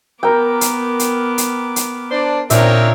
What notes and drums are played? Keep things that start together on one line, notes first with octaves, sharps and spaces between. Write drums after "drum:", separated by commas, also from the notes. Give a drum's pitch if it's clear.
B3 A#4 G5 D6
drum: hi-hat
drum: hi-hat
drum: hi-hat
drum: hi-hat
D4 C5 D5
A#2 C4 D4 D#4 A#4 C#5 E5, drum: hi-hat